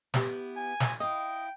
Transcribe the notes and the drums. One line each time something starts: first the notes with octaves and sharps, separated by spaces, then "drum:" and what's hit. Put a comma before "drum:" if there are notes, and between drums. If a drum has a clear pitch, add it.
B3 E4 G4, drum: snare
G#5
drum: snare
E4 D#5 F5 G5